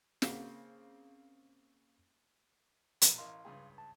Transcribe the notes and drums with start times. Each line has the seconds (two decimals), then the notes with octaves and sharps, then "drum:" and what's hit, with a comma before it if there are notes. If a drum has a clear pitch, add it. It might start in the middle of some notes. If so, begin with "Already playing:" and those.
0.22 C#3 A#3 C4, drum: snare
3.02 A#1 B2 B3, drum: hi-hat
3.18 A1 A#4 D#5 F5 C6
3.45 C#2 G2 G#4
3.78 A5